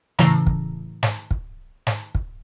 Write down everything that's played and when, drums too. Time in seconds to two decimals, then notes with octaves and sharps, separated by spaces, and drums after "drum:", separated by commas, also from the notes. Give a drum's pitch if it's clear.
0.19 A2 C#3 E3 A#5, drum: snare
0.47 drum: kick
1.03 drum: snare
1.31 drum: kick
1.87 drum: snare
2.15 drum: kick